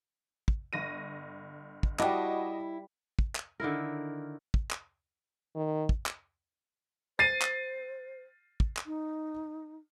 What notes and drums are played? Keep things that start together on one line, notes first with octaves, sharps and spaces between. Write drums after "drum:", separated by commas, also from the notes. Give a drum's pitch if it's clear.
drum: kick
G1 A#6 D#7
drum: kick
G3 E4 F#4 B4 D#5 A5 D6, drum: clap
drum: kick
drum: clap
D3 D#3 E4 A#4
drum: kick
drum: clap
D#3
drum: kick
drum: clap
C5 A6 C7 D#7
drum: clap
drum: kick
drum: clap
D#4